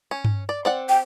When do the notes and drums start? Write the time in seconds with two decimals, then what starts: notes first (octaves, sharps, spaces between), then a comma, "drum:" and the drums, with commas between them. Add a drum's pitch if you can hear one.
0.11 C#4
0.25 drum: tom G2
0.49 D5
0.65 C4 D5 F#5
0.89 G5, drum: open hi-hat